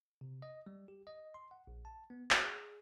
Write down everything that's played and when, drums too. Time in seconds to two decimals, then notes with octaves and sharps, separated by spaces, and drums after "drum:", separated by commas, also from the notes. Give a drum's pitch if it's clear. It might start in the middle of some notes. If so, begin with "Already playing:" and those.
0.21 C3
0.42 D#5
0.66 G3
0.88 G4
1.07 D#5
1.34 C6
1.51 F#5
1.67 A#1
1.85 A5
2.10 B3
2.31 F#4, drum: clap
2.44 G#4